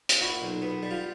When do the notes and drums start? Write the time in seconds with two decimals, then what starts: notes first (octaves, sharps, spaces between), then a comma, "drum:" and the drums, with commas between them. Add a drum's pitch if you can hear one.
0.09 drum: hi-hat
0.21 A#2 E4 F#4
0.42 B1
0.62 B3
0.83 G3
0.91 F4